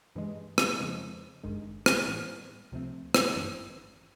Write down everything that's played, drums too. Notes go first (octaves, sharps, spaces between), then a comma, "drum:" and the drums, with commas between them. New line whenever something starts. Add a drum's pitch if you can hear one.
G2 E3 G#3
drum: rim click
F2 C#3 F3 G#3
G#1 G2 D#3 G#3
drum: rim click
A2 E3 G3 B3
D2 C3 F3 A3 C4
drum: rim click
G#1 G2 E3